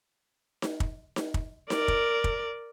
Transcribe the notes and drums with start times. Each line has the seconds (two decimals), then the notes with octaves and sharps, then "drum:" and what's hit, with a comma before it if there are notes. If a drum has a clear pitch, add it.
0.62 drum: snare D#4
0.80 drum: kick
1.16 drum: snare D#4
1.34 drum: kick
1.70 A#4 D5, drum: snare D#4
1.88 drum: kick
2.24 drum: kick